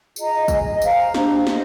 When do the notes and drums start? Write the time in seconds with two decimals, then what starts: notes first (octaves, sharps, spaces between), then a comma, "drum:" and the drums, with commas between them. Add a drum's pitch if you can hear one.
0.16 F4 G#4 D#5 A#5, drum: tambourine
0.48 G#4 D#5 G#5, drum: kick, tambourine
0.82 C5 F5 A#5, drum: tambourine
1.14 D4 G4 C5, drum: snare
1.47 G4 C5 D#5, drum: snare